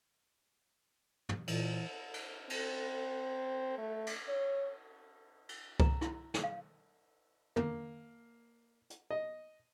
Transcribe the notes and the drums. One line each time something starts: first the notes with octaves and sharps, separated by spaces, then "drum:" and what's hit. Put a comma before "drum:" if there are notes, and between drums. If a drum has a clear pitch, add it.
drum: tom
A#2 E3, drum: cymbal
drum: cymbal
C4, drum: cymbal
A3
drum: cymbal
C#5
drum: cymbal
A#5, drum: kick C2
E4, drum: rim click
drum: snare
F5
A#3, drum: tom
drum: hi-hat
D#5